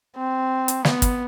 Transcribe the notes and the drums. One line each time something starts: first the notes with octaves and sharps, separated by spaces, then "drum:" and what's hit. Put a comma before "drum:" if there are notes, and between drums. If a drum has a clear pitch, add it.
C4
drum: hi-hat
B3, drum: snare
drum: kick, hi-hat